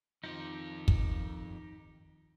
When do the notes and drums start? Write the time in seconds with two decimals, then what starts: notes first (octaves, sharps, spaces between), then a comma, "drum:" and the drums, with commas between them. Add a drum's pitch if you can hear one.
0.24 F2 D#3 F3 D#4 G4
0.88 drum: kick